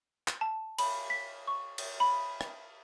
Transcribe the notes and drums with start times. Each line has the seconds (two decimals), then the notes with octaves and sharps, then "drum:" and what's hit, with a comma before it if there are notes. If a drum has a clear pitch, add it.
0.28 drum: clap
0.41 A5
0.78 B5, drum: cymbal
1.10 B6
1.47 C#6
1.78 drum: cymbal
2.00 B5
2.41 drum: rim click